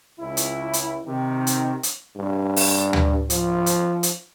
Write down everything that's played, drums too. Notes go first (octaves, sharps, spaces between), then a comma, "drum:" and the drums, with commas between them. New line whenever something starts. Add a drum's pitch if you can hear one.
C#2 E4
drum: hi-hat
drum: hi-hat
C3 D#3
drum: hi-hat
drum: hi-hat
G2
drum: open hi-hat
drum: tom D2
F3, drum: hi-hat
drum: hi-hat
drum: hi-hat